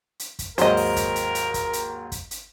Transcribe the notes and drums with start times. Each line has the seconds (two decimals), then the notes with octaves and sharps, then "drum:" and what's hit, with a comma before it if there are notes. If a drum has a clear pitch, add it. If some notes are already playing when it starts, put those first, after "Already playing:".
0.20 drum: hi-hat
0.39 drum: kick, hi-hat
0.58 D#2 G#2 F#3 A#4 C5 D#5, drum: hi-hat
0.77 drum: open hi-hat
0.96 drum: kick, hi-hat
1.16 drum: hi-hat
1.35 drum: hi-hat
1.54 drum: kick, hi-hat
1.73 drum: hi-hat
2.12 drum: kick, hi-hat
2.31 drum: hi-hat